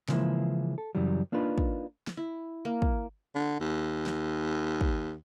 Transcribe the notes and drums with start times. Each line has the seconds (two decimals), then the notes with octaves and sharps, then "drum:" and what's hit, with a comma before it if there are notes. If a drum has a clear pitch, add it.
0.08 C#3 E3 F3 G#3 A#3 E4, drum: snare
0.78 A4
0.95 F#2 C#3 E3 F#3 G3
1.32 A#3 D4 D#4 F4 B4
1.58 drum: kick
2.07 drum: snare
2.17 E4
2.65 A#3
2.82 drum: kick
3.35 D3
3.60 D#2
4.06 drum: snare
4.81 drum: kick